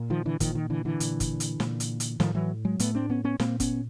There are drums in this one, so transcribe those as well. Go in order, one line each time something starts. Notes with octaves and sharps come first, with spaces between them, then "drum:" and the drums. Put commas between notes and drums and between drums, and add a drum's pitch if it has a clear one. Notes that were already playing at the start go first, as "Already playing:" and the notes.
Already playing: A#2
D#3 F3
D3 E3
A#2 D#3 F3, drum: kick G1, hi-hat
D#3
D3 E3
D3 E3
A#2, drum: hi-hat
drum: kick G1, hi-hat
drum: hi-hat
A#2, drum: snare
drum: hi-hat
drum: hi-hat
A2 D#3 F3, drum: snare
E3 F#3
F#3 G#3
A2 A3 B3, drum: hi-hat
C4 D4
B3 C#4
B3 C#4
A#2 A#3 C4, drum: snare
B3 C#4, drum: kick G1, hi-hat